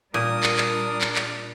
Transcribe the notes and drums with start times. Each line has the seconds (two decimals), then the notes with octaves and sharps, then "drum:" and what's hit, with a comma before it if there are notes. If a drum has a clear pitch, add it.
0.14 A#2 G3 D4 A#4 D#6
0.43 drum: clap
0.58 drum: clap
1.01 drum: clap
1.16 drum: clap